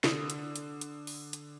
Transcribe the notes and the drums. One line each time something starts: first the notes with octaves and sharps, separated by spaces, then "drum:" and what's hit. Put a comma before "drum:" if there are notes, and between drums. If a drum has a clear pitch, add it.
D3 D#6, drum: snare
drum: hi-hat
drum: hi-hat
drum: hi-hat
drum: open hi-hat
drum: hi-hat